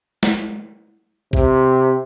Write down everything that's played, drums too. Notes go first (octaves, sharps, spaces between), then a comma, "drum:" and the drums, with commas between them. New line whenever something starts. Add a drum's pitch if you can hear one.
drum: snare
C3, drum: kick A#1